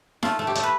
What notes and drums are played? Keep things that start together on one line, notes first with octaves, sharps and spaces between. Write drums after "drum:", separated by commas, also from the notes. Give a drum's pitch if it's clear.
A3 F4, drum: snare D#4
A3
G4
A3, drum: hi-hat
B4